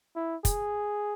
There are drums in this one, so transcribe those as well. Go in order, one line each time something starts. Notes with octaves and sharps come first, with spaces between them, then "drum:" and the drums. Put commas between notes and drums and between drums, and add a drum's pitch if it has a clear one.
E4
G#4, drum: kick, hi-hat